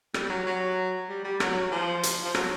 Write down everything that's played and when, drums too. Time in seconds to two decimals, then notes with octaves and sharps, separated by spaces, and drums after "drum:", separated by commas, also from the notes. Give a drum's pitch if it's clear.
0.14 G3, drum: rim click
0.30 F#3
0.47 F#3
1.09 G3
1.24 G3
1.40 F#3, drum: rim click
1.72 F3
2.03 drum: hi-hat
2.25 F3
2.35 F#3, drum: rim click